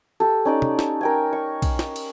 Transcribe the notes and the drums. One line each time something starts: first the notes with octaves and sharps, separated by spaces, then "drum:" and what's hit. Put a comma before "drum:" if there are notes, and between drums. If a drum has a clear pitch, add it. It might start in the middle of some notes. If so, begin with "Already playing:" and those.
G4 A4
C#4 D#4 D5
drum: tom
drum: snare
A#4 G5 G#5
C#6
drum: kick B1, cymbal
drum: snare
drum: cymbal